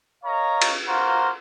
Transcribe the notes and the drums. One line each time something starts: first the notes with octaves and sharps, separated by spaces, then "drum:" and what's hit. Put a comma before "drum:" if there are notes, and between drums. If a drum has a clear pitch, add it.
A#4 C#5 D#5 F5 A#5
drum: cymbal
A#3 F4 F#4 C5 A#5